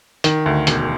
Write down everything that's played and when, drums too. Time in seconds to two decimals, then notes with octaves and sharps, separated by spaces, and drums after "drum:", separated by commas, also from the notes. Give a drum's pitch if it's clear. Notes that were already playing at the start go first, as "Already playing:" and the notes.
0.24 D#3, drum: hi-hat
0.46 D2
0.67 E1, drum: hi-hat